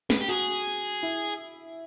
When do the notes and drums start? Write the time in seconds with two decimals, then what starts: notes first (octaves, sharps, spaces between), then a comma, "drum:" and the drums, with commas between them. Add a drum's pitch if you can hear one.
0.10 B4, drum: snare
0.20 G4
0.28 F#4 G#4
0.39 drum: hi-hat
1.03 E4